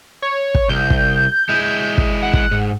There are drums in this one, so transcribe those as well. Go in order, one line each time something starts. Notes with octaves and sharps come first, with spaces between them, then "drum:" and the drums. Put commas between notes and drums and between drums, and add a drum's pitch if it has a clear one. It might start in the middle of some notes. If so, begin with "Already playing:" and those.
C#5
drum: kick
C2 G6
drum: kick
G#3 E4
drum: kick
F#5
drum: kick
G#2